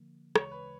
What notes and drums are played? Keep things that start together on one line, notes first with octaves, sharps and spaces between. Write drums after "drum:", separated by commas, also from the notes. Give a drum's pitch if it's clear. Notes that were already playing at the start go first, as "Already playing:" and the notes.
Already playing: D3 F3 A#3
D2 C#3 E3 G#3 C#5, drum: rim click
B4